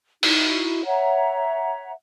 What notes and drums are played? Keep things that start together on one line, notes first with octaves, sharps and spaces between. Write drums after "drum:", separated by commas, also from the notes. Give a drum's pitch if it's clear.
D#4 E4 F#4, drum: open hi-hat
C#5 E5 F#5 A#5